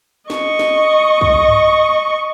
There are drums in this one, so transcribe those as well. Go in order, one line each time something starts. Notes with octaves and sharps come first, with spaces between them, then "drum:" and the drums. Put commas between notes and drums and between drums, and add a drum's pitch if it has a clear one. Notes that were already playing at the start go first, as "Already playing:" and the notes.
D#5 C#6, drum: snare
drum: snare
drum: kick
drum: tom G2